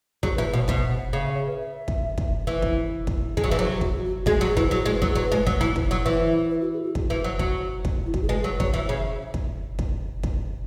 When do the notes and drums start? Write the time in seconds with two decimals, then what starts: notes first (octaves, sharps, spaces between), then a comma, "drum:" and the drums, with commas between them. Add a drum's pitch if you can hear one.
0.23 F#3 G#4, drum: kick
0.35 B4
0.38 E3
0.47 B4
0.53 B2
0.57 C#5
0.68 B2 E5, drum: kick
0.91 F#5
1.13 C#3 C#5
1.24 E5
1.35 C#5
1.47 B4
1.58 E5
1.88 drum: kick
2.18 drum: kick
2.47 E3
2.62 drum: kick
3.07 drum: kick
3.37 G#3, drum: kick
3.44 F#3
3.49 E5
3.51 E3
3.59 F#3 C#5
3.70 G#4
3.81 F#4, drum: kick
4.05 F#4
4.26 G#3 F#4, drum: kick
4.41 F#3 F#4
4.50 G#4
4.57 E3, drum: kick
4.71 F#3 F#4
4.86 G#3
4.93 B4
5.02 F#3, drum: kick
5.05 G#4
5.15 F#3 B4
5.32 G#3
5.47 F#3, drum: kick
5.61 E3
5.76 drum: kick
5.91 F#3
6.06 E3 C#5
6.28 E5
6.50 B4
6.62 F#4
6.73 G#4
6.83 F#4
6.95 drum: kick
7.10 E3
7.24 F#3
7.39 F#3, drum: kick
7.85 drum: kick
8.06 E4
8.14 F#4, drum: kick
8.22 G#4
8.29 G#3 B4
8.40 G#4
8.44 F#3
8.52 B4
8.60 F#3, drum: kick
8.62 C#5
8.74 E3 E5
8.86 C#3 C#5
8.97 E5
9.34 drum: kick
9.79 drum: kick
10.23 drum: kick